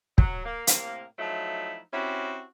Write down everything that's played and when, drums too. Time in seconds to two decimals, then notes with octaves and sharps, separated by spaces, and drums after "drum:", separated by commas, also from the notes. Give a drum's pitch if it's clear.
0.18 F#3, drum: kick
0.45 A#3
0.67 A2 C3 A#3, drum: hi-hat
1.19 F3 F#3 A3 D#4 E4
1.93 C4 C#4 E4 F#4 G4